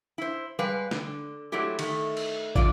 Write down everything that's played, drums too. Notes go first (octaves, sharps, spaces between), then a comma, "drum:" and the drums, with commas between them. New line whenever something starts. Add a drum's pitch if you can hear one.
E4 C5
G3 G#3 B4 F5
D3, drum: snare
F#3 G#3 A3 E4 G4
D#3 A3, drum: cymbal
drum: cymbal
E2 D3 F4 D5, drum: kick